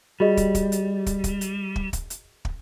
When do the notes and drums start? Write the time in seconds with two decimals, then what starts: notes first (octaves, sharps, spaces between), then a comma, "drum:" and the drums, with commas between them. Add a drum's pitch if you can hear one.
0.20 G3 F#4 G#4 D#5
0.37 drum: kick, hi-hat
0.55 drum: kick, hi-hat
0.72 drum: hi-hat
1.06 drum: kick, hi-hat
1.24 drum: kick, hi-hat
1.41 drum: hi-hat
1.76 drum: kick
1.93 drum: kick, hi-hat
2.10 drum: hi-hat
2.45 drum: kick